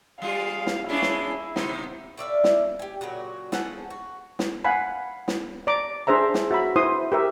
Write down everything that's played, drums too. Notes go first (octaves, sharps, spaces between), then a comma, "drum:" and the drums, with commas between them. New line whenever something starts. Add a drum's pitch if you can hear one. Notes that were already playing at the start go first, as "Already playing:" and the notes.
G3 G#3 F4 F5
drum: snare
G#3 C#4 D4 E4
drum: snare
B2 C4 D#4, drum: snare
A2 D5 E5 F5
drum: snare
G4 G#5
A#2 C#3 F#3 F#4
F3 G#4 A4 F#5, drum: snare
F#4
drum: snare
F5 F#5 G#5 B5
drum: snare
D5 A#5 D6
D4 G#4 C5 E5 A#5
drum: snare
F#4 E5 A#5 B5
E4 C5 C6 D#6
G4 A#4 E5